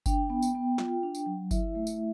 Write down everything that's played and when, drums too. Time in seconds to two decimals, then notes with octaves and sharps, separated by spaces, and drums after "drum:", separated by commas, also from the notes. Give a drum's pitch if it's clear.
0.06 D4 G5, drum: kick G1, tambourine
0.30 B3
0.42 drum: tambourine
0.55 B3
0.78 F4, drum: snare
1.03 D4
1.15 drum: tambourine
1.26 F#3
1.51 E4 E5, drum: kick G1, tambourine
1.75 A3
1.87 drum: tambourine